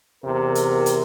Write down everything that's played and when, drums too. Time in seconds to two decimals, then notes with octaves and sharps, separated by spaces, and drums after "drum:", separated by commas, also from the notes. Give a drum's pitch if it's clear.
0.25 E2 C3 A#4
0.55 drum: hi-hat
0.86 drum: hi-hat